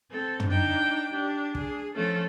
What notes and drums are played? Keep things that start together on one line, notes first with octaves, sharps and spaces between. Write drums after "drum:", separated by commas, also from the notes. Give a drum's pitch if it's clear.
C4 A4
drum: tom
D4 D#4 G5
D4 G4
G#4, drum: kick
F3 A3 C#4 A4